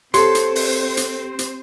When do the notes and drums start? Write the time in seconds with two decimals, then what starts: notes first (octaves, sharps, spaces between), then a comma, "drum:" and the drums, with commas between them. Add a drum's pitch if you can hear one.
0.14 C4 G4 A4 C5 C#5 C6, drum: hi-hat
0.35 drum: hi-hat
0.55 drum: open hi-hat
0.97 drum: hi-hat
1.39 drum: hi-hat